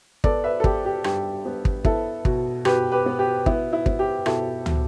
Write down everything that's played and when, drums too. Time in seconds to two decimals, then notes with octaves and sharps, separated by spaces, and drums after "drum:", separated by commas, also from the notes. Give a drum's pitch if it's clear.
0.24 B3 A4 D5, drum: kick
0.44 B4 E5
0.60 A4
0.64 B3 G4, drum: kick
0.85 G4
1.04 G2 G4, drum: rim click
1.45 B3
1.65 drum: kick
1.85 B3 E4 A4, drum: kick
2.25 B2, drum: kick
2.65 B2 G4 B4, drum: rim click
2.92 G4 B4
3.06 B3
3.19 G4
3.46 B3 E4, drum: kick
3.73 E4
3.86 B3, drum: kick
3.99 G4
4.26 B2 E4 A4, drum: rim click
4.66 B2, drum: tom